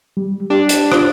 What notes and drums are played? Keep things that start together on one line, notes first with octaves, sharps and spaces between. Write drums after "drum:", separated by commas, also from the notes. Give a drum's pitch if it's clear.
G3
D4 G4
drum: hi-hat
F4 C5 F#6, drum: rim click